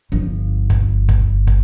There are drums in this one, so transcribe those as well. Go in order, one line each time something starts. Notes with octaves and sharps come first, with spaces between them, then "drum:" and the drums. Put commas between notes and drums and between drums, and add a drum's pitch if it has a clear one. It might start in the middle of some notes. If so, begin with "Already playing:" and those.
G1 F3
drum: kick
drum: kick
drum: kick